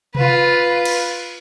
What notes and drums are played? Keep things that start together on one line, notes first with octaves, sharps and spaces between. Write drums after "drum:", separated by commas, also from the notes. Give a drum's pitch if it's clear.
F4 B4, drum: tom C3
drum: cymbal